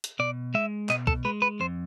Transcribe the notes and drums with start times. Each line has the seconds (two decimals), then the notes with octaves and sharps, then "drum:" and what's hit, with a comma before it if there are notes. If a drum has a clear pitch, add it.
0.04 drum: hi-hat
0.19 B2 D5
0.54 G#3 E5
0.89 B2 D#5, drum: clap
1.07 A4, drum: kick B1
1.25 G#3 B4
1.42 B4
1.60 F2 C5